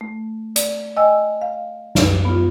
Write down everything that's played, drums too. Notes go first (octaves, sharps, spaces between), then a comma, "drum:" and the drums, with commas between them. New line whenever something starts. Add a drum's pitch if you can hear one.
A3
D5, drum: hi-hat
D#5 G5 G#5 E6
F5
F#2, drum: snare
B3 F4